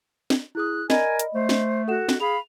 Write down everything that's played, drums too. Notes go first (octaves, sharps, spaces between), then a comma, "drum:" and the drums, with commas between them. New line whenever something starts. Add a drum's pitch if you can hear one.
drum: snare
E4 G#4 D#6 F#6
A#4 D5 D#5 G#5 B5, drum: snare
drum: hi-hat
A3 C5
drum: snare
F#4 A4 F#5 E7
drum: snare
G#4 F5 B5 F7